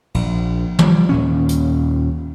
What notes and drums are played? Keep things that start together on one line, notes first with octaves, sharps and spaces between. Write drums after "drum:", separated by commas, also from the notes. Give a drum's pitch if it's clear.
A#1, drum: cymbal
F3 G3, drum: tom
D#2 A#2 C#4
drum: hi-hat